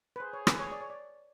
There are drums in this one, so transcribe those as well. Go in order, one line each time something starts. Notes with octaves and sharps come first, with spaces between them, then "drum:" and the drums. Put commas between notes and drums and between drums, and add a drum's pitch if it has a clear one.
B4
G#4 C5
C#5
B4, drum: rim click
C#5
D5
C#5
D5